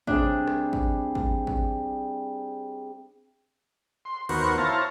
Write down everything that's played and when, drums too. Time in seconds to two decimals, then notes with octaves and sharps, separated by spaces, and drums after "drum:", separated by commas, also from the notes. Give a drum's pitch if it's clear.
0.07 C3 G3 D4 G#4, drum: kick
0.47 drum: rim click
0.73 drum: kick
1.15 drum: kick
1.47 drum: kick
4.05 C6
4.29 D#2 B3 F#4 A#4 C5 C#6, drum: cymbal
4.58 E4 C5 C#5 F5 A5 A#5